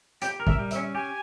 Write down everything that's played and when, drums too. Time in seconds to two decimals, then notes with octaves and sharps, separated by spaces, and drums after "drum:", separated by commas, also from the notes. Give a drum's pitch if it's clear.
0.22 G4 G5, drum: hi-hat
0.40 A#4
0.47 E5, drum: kick
0.58 G3
0.71 E5, drum: hi-hat
0.76 C#4
0.95 G4 G#5